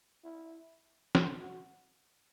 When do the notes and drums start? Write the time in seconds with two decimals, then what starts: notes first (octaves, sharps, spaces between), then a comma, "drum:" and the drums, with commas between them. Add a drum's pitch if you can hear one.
0.24 E4
1.15 drum: snare
1.42 F#4